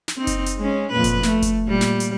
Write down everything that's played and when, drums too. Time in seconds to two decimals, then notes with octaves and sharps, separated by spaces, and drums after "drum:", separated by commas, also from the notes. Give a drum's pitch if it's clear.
0.08 drum: snare
0.17 C4 D#4
0.27 drum: kick F#1, hi-hat
0.46 drum: hi-hat
0.57 G#3 C#4
0.92 F2 A#2 B4
1.04 drum: kick F#1, hi-hat
1.23 A3, drum: snare
1.42 drum: kick F#1, hi-hat
1.66 A#2 G3
1.81 drum: snare
2.00 drum: hi-hat